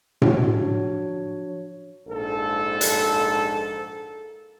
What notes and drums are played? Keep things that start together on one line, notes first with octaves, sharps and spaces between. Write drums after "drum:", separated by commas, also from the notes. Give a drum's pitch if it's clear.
F3 D4 F#4 C#5, drum: tom A2
A#1 G#2 A4
drum: hi-hat